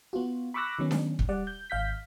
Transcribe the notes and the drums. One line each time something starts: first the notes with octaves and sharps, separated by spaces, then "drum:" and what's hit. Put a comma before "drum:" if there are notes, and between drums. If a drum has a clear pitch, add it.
B3 F4 F#4
B5 C#6 D6 E6 F#6 A#6
D#3 F#3 B3 C#4
drum: snare D4
drum: kick
G3 D5 F#5
G6
G#1 F5 G6 B6